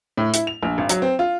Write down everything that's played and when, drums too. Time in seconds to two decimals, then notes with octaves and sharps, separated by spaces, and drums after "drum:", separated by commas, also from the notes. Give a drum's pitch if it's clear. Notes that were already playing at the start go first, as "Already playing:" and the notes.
0.17 A2
0.34 E4, drum: hi-hat
0.47 F7
0.63 A#1
0.78 G#1
0.89 F#3, drum: hi-hat
1.02 C4
1.19 F4